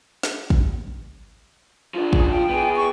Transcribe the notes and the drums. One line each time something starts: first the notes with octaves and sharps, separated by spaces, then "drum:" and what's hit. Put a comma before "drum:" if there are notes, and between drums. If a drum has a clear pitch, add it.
drum: snare
drum: kick
F3 D4
G#4, drum: kick
F3 G5
B3 G#4
C#6